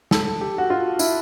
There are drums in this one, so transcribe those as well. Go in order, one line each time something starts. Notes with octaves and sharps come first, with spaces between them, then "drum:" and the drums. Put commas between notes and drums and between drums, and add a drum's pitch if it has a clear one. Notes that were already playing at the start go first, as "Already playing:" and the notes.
A4, drum: snare
G4
F#4
F4
E4, drum: tambourine